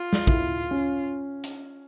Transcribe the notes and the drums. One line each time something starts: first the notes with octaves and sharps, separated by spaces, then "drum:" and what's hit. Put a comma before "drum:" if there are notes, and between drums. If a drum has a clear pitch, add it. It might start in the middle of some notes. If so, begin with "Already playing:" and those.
Already playing: F4
drum: snare
E4, drum: kick
C#4
drum: hi-hat